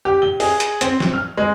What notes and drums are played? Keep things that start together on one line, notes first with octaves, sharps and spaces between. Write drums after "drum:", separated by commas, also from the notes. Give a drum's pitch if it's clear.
G4
G7
G#4, drum: open hi-hat
drum: hi-hat
C4, drum: hi-hat
drum: snare
F6
G#3